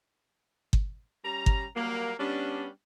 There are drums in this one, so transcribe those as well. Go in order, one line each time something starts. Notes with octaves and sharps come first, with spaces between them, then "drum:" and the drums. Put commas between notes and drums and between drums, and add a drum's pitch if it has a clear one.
drum: kick G1
G3 C#4 A#5
drum: kick G1
F#3 G3 A#3
G3 B3 C#4 D4